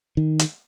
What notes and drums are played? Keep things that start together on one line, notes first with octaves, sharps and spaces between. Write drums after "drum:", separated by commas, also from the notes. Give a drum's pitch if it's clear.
D#3
drum: hi-hat